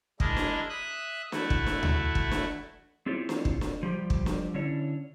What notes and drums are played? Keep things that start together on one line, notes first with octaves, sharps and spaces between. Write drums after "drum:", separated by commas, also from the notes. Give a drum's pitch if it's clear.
G#3 D4 E4 A#4 D#5, drum: kick
drum: snare
E5 D#6 F#6
A3 E4 F#4, drum: snare
drum: kick
drum: snare
drum: tom D2
drum: kick
drum: snare
C4 E4 F4 G4 G#4 C#5
drum: snare
drum: kick
drum: snare
F3 G3 G4
drum: kick
drum: snare
D3 C#4 D4 E4 C#5